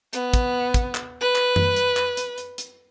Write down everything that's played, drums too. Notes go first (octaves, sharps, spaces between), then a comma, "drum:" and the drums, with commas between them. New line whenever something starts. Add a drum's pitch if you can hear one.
B3, drum: hi-hat
drum: kick, hi-hat
drum: kick, hi-hat
drum: clap
B4
drum: clap
drum: tom F#2
drum: hi-hat
drum: clap
drum: hi-hat
drum: hi-hat
drum: hi-hat